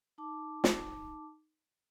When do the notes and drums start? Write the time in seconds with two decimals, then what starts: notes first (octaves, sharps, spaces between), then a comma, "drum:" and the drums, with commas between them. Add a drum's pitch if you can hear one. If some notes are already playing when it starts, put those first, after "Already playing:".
0.18 D#4 A5 D6
0.64 drum: snare